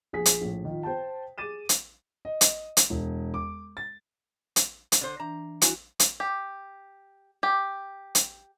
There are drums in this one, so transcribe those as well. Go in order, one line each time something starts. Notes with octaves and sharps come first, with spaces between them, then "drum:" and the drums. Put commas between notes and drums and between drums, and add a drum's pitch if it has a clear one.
A#1 G#4 B6
drum: hi-hat
A#1 A2
D#3 F4
C5 G5 A5
G#4 D6 A6 D#7 E7
drum: hi-hat
D#5
drum: hi-hat
drum: hi-hat
E1
D6
A6
drum: hi-hat
drum: hi-hat
D3 C5
E3 D4 A#5
E4 F#4 G#5, drum: hi-hat
drum: hi-hat
G4
G4
drum: hi-hat